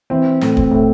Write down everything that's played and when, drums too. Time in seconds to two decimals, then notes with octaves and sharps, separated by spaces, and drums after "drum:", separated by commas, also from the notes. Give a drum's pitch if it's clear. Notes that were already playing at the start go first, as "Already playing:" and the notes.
0.10 E3 C4
0.41 A2, drum: snare
0.57 C4, drum: kick
0.71 A2